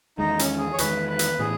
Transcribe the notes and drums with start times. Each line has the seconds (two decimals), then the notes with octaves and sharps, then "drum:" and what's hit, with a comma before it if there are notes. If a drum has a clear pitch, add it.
0.18 E2 D#3 G#3 D#4
0.39 C#4, drum: hi-hat
0.59 G#4
0.73 C#5
0.78 E2 D#3 G#3 B4, drum: hi-hat
1.09 B4
1.19 drum: hi-hat
1.39 A2 E3 B3 G#4